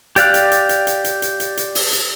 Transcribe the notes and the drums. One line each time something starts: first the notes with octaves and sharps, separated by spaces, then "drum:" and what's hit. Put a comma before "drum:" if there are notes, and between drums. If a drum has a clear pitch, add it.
G4 D5 F5 F#6, drum: hi-hat
drum: hi-hat
drum: hi-hat
drum: hi-hat
drum: hi-hat
drum: hi-hat
drum: hi-hat
drum: hi-hat
drum: hi-hat
drum: open hi-hat
drum: hi-hat